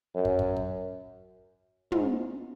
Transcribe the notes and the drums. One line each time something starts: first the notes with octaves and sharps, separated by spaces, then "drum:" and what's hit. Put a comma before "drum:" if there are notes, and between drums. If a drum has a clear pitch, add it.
F#2
drum: kick
drum: kick
drum: kick
G#2, drum: tom